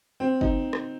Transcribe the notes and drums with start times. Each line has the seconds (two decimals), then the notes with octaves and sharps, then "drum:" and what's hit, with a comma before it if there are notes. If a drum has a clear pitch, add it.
0.20 C4
0.41 D#4, drum: kick F#1
0.73 drum: rim click